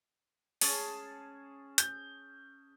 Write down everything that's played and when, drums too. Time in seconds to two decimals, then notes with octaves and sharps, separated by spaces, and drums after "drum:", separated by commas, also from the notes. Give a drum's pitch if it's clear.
0.61 C#4 G#4 A5, drum: open hi-hat
1.78 G6, drum: hi-hat